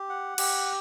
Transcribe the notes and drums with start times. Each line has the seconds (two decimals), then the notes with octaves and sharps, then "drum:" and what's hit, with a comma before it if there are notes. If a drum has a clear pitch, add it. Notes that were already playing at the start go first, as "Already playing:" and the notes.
Already playing: G4
0.09 F#5
0.38 G4, drum: cymbal